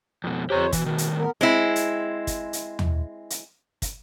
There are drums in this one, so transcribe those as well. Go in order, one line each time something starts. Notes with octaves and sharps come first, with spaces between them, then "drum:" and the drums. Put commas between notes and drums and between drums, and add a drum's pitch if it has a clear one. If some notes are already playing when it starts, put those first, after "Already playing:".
F2 B2
F2 G4 C5 C#5 A#5
B2 E3, drum: kick, hi-hat
A2 D#3
drum: hi-hat
B3 A#4
G#3 C4 E4
drum: hi-hat
drum: kick, hi-hat
drum: hi-hat
drum: tom
drum: hi-hat
drum: kick, hi-hat